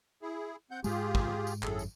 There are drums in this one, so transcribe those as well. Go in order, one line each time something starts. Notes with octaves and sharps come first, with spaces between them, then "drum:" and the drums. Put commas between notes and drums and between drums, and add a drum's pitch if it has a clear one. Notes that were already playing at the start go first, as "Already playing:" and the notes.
E4 G#4
C4 F#5 G6
G#2 G#3 F4 G4 G#4, drum: tambourine
drum: kick
drum: tambourine
G#1 F#2 A2 G#4 A4, drum: clap
drum: tambourine